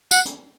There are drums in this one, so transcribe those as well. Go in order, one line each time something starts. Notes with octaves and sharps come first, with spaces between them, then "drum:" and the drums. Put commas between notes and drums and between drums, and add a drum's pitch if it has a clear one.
F#5, drum: tambourine
drum: hi-hat